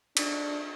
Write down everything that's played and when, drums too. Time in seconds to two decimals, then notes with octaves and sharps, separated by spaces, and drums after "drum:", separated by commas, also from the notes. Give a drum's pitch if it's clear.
0.17 D4, drum: cymbal